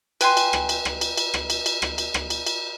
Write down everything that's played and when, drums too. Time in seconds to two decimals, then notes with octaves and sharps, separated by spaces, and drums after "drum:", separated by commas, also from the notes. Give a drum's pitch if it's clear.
0.21 B4 G5 G#5 C6, drum: cymbal
0.37 drum: cymbal
0.53 drum: rim click
0.69 drum: cymbal
0.85 drum: rim click
1.01 drum: cymbal
1.17 drum: cymbal
1.34 drum: rim click
1.50 drum: cymbal
1.66 drum: cymbal
1.82 drum: rim click
1.98 drum: cymbal
2.14 drum: rim click
2.30 drum: cymbal
2.46 drum: cymbal